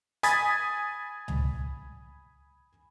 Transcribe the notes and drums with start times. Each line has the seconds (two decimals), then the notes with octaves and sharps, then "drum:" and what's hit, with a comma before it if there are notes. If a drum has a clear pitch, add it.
0.23 G#5 B5 D#6 G#6 A6 B6, drum: hi-hat
1.28 drum: tom C#2